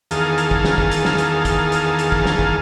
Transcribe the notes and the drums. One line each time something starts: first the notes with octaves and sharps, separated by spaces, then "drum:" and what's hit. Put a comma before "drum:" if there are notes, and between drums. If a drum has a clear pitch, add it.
E2 D#3 G#4 A#4 F5 A5, drum: hi-hat
drum: hi-hat
drum: kick
drum: snare
drum: kick
drum: hi-hat
drum: snare
drum: hi-hat
drum: kick, hi-hat
drum: hi-hat
drum: hi-hat
drum: kick
drum: snare
drum: kick